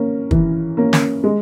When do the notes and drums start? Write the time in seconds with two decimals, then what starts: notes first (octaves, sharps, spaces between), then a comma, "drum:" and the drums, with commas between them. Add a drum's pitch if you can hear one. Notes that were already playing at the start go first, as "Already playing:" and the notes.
Already playing: A#3 C#4
0.31 E3, drum: kick
0.77 A#3 C#4
0.93 drum: snare
1.24 G#3